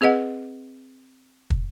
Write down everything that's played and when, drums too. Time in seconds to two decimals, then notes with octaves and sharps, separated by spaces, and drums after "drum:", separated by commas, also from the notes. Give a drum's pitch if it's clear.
0.01 C4 G#4 B4 D#5 F#5
1.50 drum: kick